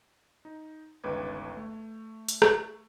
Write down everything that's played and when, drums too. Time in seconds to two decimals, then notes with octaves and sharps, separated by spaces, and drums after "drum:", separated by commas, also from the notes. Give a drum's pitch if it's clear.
0.45 D#4
1.04 G1 C#2 D#3 B4 D6 G#6
1.57 A3
2.29 drum: hi-hat
2.42 drum: rim click